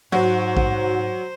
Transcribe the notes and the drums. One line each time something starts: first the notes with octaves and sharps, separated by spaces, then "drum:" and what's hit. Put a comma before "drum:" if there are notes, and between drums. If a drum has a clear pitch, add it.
G#2 F#3 F#4 C5
drum: kick A#1